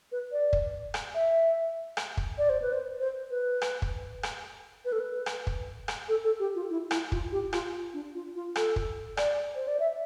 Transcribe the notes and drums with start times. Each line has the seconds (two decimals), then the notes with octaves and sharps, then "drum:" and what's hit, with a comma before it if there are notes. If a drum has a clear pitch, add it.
0.12 B4
0.32 D5
0.53 drum: kick
0.94 drum: rim click
1.14 E5
1.97 drum: rim click
2.17 drum: kick
2.38 D5
2.49 C5
2.62 B4
2.73 C5
2.99 C5
3.31 B4
3.62 drum: rim click
3.82 drum: kick
4.23 drum: rim click
4.85 B4
4.92 A4
4.99 B4
5.26 drum: rim click
5.47 drum: kick
5.88 drum: rim click
6.09 A4
6.24 A4
6.39 G4
6.55 F4
6.70 E4
6.91 E4, drum: rim click
7.12 F4, drum: kick
7.32 G4
7.53 F4, drum: rim click
7.94 D4
8.14 F4
8.35 F4
8.56 A4, drum: rim click
8.76 drum: kick
9.17 D5, drum: rim click
9.55 C5
9.67 D5
9.79 E5